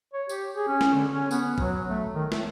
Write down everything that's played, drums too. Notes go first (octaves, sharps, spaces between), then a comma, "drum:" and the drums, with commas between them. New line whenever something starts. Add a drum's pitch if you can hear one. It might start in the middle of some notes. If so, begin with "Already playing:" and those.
C#5
G4, drum: tambourine
G#4
C#4
drum: snare
D3
C#4
B3, drum: tambourine
F#3, drum: kick
A3
D#3
A3, drum: snare